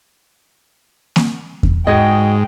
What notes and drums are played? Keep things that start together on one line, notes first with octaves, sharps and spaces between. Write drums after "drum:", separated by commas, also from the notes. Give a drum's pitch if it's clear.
drum: snare A#3
drum: kick E2
G#2 F#4 G#4 D#5 G5